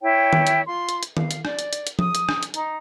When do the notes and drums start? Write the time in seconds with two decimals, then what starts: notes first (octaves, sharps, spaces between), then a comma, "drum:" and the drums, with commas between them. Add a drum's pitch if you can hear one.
0.02 E4 C#5 G5
0.33 drum: tom D#3
0.47 drum: hi-hat
0.67 F4 C6
0.89 drum: hi-hat
1.03 drum: hi-hat
1.17 F5, drum: tom D#3
1.31 drum: hi-hat
1.45 D5, drum: rim click
1.59 drum: hi-hat
1.73 drum: hi-hat
1.87 drum: hi-hat
1.99 D#6, drum: tom F3
2.15 drum: hi-hat
2.29 drum: rim click
2.43 drum: hi-hat
2.54 D#4, drum: hi-hat